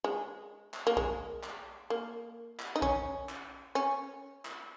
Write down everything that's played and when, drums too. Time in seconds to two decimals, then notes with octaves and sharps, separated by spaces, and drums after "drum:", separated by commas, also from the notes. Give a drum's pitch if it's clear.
0.04 G#3
0.74 drum: clap
0.87 A#3
0.97 G#3, drum: kick B1
1.43 drum: clap
1.90 A#3
2.59 drum: clap
2.76 D#4
2.82 C#4, drum: kick B1
3.29 drum: clap
3.75 C#4
4.45 drum: clap